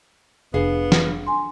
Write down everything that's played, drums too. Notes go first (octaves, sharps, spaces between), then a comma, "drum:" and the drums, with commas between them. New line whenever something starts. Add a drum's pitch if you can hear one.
F1 B3 D4 G#4 F5
drum: snare
G#5 C6